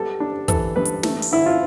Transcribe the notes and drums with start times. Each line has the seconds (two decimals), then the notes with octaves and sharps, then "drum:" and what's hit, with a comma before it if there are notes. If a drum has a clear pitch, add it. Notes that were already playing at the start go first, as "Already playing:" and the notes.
Already playing: G3 B3 A4
0.20 D4
0.48 E3 A4, drum: kick, hi-hat
0.76 G2 B4
0.85 drum: hi-hat
1.03 A3, drum: snare
1.22 drum: open hi-hat
1.32 D3 E4
1.46 F4